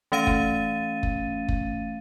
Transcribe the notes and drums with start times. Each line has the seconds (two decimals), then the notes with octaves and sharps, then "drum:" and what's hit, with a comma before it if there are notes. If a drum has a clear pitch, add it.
0.12 E3 A3 C#4 F5 A6 D#7
0.27 drum: kick F#1
1.03 drum: kick F#1
1.48 drum: kick F#1